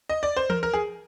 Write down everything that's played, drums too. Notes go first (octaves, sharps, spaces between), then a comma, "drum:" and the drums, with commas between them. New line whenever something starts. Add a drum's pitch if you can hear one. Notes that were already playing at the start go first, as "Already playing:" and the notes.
D#5
D5
C5
A#4, drum: tom E3
A#4
G#4